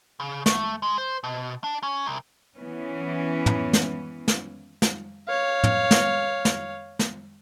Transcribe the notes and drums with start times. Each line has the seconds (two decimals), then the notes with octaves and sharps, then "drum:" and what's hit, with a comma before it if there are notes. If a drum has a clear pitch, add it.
0.20 C#3
0.46 A3, drum: snare
0.83 G#3
0.98 C5
1.24 B2
1.64 D4
1.83 C#4
2.06 C2
2.57 E3 B3 C#4
3.46 drum: tom
3.73 drum: snare
4.28 drum: snare
4.82 drum: snare
5.28 C#5 F5
5.64 drum: tom
5.91 drum: snare
6.45 drum: snare
6.99 drum: snare